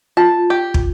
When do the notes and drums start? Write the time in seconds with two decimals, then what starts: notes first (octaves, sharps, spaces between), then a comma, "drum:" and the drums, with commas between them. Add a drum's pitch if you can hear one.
0.17 F4 A5
0.50 G4
0.74 drum: kick